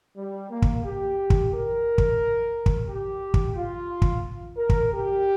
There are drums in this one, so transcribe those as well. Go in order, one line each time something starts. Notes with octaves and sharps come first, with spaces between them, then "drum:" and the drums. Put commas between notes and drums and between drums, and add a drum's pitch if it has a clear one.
G3
A#3
drum: kick
G4
drum: kick
A#4
drum: kick
drum: kick
G4
drum: kick
F4
drum: kick
A#4
drum: kick
G4